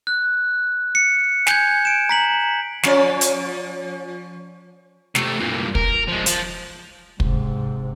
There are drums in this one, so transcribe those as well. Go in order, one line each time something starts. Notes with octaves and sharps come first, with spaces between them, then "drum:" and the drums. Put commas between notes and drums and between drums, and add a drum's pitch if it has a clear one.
F#6
C#7
G#5 G6 G#6, drum: snare
D7 E7
A#5 B6 F#7
F3 C#4 D5, drum: snare
drum: hi-hat
C3 A3, drum: snare
G2 A#2
A#4, drum: kick
F3 G#3
F3, drum: hi-hat
G#2 C3, drum: kick